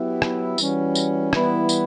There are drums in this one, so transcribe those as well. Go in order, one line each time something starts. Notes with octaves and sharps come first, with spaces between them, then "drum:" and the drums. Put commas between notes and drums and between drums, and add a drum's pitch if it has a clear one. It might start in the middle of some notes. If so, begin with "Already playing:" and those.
Already playing: F#3 B3 E4 G4
drum: rim click
E3 G3 C#4 F#4, drum: tambourine
drum: tambourine
E3 G3 B3 E4, drum: rim click
drum: tambourine